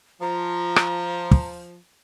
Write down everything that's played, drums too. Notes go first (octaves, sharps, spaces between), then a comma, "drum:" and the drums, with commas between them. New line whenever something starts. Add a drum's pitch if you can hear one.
F3 A#5
drum: rim click
drum: kick